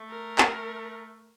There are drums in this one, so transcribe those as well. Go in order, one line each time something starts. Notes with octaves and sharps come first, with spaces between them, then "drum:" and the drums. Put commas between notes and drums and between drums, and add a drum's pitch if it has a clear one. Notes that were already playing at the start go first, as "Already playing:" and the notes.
Already playing: A3
A#4
drum: clap